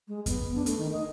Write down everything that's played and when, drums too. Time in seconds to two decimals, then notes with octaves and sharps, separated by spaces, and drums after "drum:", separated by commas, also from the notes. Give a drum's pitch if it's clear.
0.08 G#3
0.26 B3, drum: kick F2, hi-hat
0.55 D4
0.66 A3, drum: hi-hat
0.78 D#3
0.92 D#5